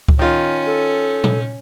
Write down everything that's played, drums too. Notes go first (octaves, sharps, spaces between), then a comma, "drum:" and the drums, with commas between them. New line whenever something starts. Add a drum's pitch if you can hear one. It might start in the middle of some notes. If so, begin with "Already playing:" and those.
drum: kick C#2
D#3 C#4 F4
A4
drum: tom A#2